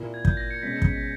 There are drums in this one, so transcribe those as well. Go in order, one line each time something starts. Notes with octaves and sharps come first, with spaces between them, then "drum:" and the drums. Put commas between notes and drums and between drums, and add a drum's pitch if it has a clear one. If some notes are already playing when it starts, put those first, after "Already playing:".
Already playing: A#2 A#3 E4
G#6
G6, drum: kick
A#6
C#7
B2 G#3 C#4 B6
drum: kick